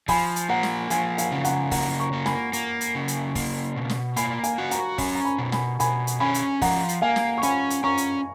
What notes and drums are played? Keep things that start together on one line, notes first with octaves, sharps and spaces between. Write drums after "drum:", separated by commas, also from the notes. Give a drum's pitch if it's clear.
F3 G#5 B5, drum: kick, open hi-hat
drum: hi-hat
A#3 F#5 A#5
drum: snare
F3 F5 G#5, drum: hi-hat
F5 G#5, drum: hi-hat
C#3
F#5 A#5, drum: hi-hat
A#3 F#5 A#5, drum: kick, open hi-hat
A#5 C#6
A#3
G#5 B5, drum: snare
A#3, drum: hi-hat
drum: hi-hat
C#3
drum: hi-hat
A#3, drum: kick, open hi-hat
B2
drum: snare
A#3 G#5 B5, drum: hi-hat
F5 G#5, drum: hi-hat
F#4
F#5 A#5, drum: hi-hat
C#4 G#5 B5, drum: kick, open hi-hat
A#5
G#5 B5
B2
G#5 B5, drum: snare
B2 G#5 B5, drum: hi-hat
drum: hi-hat
C#4 G#5 B5
drum: hi-hat
F3 F#5 A#5, drum: kick, open hi-hat
drum: hi-hat
A#3 F5 G#5
drum: snare
C#6
C#4 G#5 B5, drum: hi-hat
drum: hi-hat
C#4 A#5 C#6
drum: hi-hat